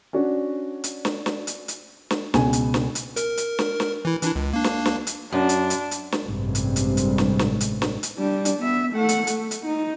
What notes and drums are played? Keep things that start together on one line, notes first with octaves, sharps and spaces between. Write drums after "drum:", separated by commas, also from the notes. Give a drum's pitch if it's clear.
C#4 D4 F#4
drum: hi-hat
drum: snare
drum: snare
drum: hi-hat
drum: hi-hat
drum: snare
C#2 B2 G#5, drum: snare
drum: hi-hat
drum: snare
drum: hi-hat
A#4, drum: hi-hat
drum: hi-hat
drum: snare
drum: snare
E3 E4
E3 D4 E4, drum: hi-hat
C#2
A#3 D4
drum: snare
drum: snare
drum: hi-hat
F#2 D4
drum: hi-hat
drum: hi-hat
drum: hi-hat
drum: snare
A1 G2 C3 G3 G#3 C4
drum: hi-hat
drum: hi-hat
drum: hi-hat
drum: snare
drum: snare
drum: hi-hat
drum: snare
drum: hi-hat
G3 D4
drum: hi-hat
B3 E5
A3 F#5
drum: hi-hat
A3, drum: hi-hat
drum: hi-hat
D#4